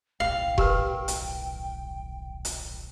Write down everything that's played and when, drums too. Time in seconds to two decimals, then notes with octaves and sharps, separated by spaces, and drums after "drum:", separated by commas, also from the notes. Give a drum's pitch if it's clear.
0.20 D#1 B1 A2 F5 G5
0.58 G4 A#4 B4, drum: kick F1
1.08 drum: hi-hat
2.45 drum: hi-hat